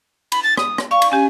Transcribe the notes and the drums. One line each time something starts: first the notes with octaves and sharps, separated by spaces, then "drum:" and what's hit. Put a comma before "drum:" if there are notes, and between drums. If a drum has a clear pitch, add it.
B5, drum: cymbal
A6
D#6, drum: rim click
drum: rim click
D5 F5 C#6
drum: cymbal
C#4 G4 G#5